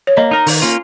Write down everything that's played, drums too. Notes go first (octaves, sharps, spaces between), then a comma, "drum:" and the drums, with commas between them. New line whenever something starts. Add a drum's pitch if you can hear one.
C#5
A#3 D#5
D#4 A#4
D#3, drum: open hi-hat
A#3 C#4 F4